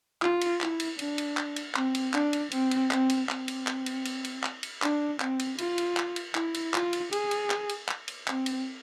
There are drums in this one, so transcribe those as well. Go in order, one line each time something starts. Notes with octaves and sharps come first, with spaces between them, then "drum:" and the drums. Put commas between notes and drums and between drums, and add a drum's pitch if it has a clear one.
F4, drum: clap
drum: cymbal
E4, drum: clap
drum: cymbal
D4, drum: cymbal
drum: cymbal
drum: clap
drum: cymbal
C4, drum: clap
drum: cymbal
D4, drum: clap
drum: cymbal
C4, drum: cymbal
drum: cymbal
C4, drum: clap
drum: cymbal
C4, drum: clap
drum: cymbal
drum: clap
drum: cymbal
drum: cymbal
drum: cymbal
drum: clap
drum: cymbal
D4, drum: clap
C4, drum: clap
drum: cymbal
F4, drum: cymbal
drum: cymbal
drum: clap
drum: cymbal
E4, drum: clap
drum: cymbal
F4, drum: clap
drum: cymbal
G#4, drum: cymbal
drum: cymbal
drum: clap
drum: cymbal
drum: clap
drum: cymbal
C4, drum: clap
drum: cymbal